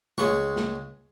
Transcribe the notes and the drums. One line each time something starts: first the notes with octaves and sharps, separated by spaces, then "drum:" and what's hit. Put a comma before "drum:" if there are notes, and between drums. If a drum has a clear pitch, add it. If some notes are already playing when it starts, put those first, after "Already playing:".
C#2 G#3 C#6, drum: snare
drum: snare